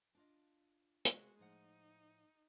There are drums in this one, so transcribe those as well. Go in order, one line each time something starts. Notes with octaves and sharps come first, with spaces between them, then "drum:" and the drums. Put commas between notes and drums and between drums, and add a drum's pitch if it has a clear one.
D4 F4 D#5
C3 G#3 F#4 C5, drum: hi-hat
A2 F3 D#4 F#5